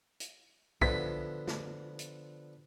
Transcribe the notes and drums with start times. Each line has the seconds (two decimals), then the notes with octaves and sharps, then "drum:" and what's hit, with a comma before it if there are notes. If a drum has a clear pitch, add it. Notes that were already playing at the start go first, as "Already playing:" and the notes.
0.20 drum: hi-hat
0.82 D3 F3 B3 B6, drum: kick B1
1.48 drum: snare
1.99 drum: hi-hat